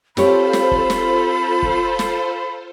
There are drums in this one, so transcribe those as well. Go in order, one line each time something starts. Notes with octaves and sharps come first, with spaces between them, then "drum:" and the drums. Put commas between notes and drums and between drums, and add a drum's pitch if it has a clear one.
C4 F4 G4 A4 C5 C#5 B5, drum: snare
drum: snare
drum: kick
drum: snare
drum: kick
drum: snare